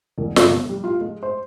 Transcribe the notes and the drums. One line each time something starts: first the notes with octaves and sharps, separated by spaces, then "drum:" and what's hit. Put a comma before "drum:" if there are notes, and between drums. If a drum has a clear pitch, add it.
E1
G1, drum: snare
B2
G3
F4
G#3
C5